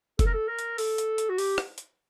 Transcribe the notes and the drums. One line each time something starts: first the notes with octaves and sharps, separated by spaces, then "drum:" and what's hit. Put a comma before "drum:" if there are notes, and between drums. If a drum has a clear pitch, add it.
A4, drum: kick F1, hi-hat
A#4
A4
A#4
drum: hi-hat
A4, drum: open hi-hat
drum: hi-hat
drum: hi-hat
F#4
G4, drum: open hi-hat
drum: rim click
drum: hi-hat